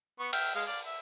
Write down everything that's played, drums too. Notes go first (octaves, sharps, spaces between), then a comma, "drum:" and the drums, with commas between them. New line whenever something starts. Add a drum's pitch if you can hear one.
B3 C#6
E5 G5 F6, drum: cymbal
G#3 F5
D5 F5
E5